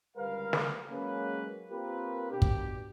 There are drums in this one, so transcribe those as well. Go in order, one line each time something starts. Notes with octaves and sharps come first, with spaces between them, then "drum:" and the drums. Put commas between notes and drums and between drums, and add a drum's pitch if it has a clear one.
C#2 D3 G3 A#4 B4 F5
drum: snare
F#3 G#3 A#3 C#4 G#4 B4
A#3 C4 F4 G4 A#4 B4
B2 D4 G4
drum: kick